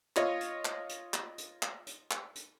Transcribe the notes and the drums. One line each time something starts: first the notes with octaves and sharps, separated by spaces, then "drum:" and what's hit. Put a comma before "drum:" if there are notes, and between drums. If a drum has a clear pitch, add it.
F4 C#5 D#5, drum: clap
drum: hi-hat
drum: clap
drum: hi-hat
drum: clap
drum: hi-hat
drum: clap
drum: hi-hat
drum: clap
drum: hi-hat